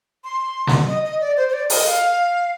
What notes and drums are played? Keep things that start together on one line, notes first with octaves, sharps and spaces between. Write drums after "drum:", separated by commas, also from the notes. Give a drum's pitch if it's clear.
C6
drum: snare
D#5
D#5
D5
C5
C5
D5
D#5, drum: open hi-hat
F5